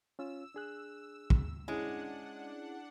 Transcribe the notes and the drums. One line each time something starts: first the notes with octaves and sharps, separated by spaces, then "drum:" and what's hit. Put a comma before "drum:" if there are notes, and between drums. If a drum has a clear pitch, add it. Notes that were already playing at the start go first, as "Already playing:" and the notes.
C#4 F4 E6
D4 G#4 F#6
drum: kick
G#3 C#4 D4 E4 G#4 F#5